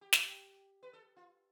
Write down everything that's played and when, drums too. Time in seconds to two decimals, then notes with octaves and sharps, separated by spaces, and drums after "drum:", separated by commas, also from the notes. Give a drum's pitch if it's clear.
0.01 G4
0.13 drum: snare
0.83 B4
0.93 A4
1.16 F4